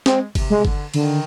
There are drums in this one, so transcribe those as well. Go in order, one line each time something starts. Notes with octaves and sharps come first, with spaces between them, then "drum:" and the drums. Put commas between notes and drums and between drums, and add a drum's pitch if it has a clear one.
G#3 C4, drum: snare
C3, drum: kick G1, cymbal
G#3
C3
D3, drum: kick G1
D3 D#3, drum: cymbal